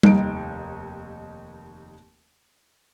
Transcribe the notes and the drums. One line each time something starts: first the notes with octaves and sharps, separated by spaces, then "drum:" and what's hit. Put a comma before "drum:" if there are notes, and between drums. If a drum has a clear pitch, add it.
F1 D#2 D#4 A#5 D7, drum: tom G3